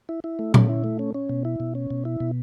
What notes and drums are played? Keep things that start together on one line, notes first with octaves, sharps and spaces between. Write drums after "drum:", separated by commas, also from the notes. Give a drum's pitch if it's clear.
E4
E4
A3
C#4, drum: tom A#2
E4
A3
C#4
C#4
B2
E4
B2
C#4
B2
E4
B2